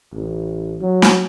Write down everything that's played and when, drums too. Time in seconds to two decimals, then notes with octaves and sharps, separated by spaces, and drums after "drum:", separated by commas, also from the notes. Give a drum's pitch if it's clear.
0.13 A1
0.81 F#3
1.02 drum: snare